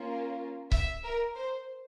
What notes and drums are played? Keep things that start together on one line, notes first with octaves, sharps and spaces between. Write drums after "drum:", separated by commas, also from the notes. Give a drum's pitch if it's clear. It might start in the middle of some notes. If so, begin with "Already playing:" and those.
Already playing: A#3 C#4 F4
E5, drum: kick C#1
A#4
C5